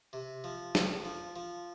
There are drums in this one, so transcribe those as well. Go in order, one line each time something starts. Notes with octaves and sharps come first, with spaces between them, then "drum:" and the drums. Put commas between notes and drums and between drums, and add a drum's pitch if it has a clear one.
C3
F3
F2, drum: snare
F3
F3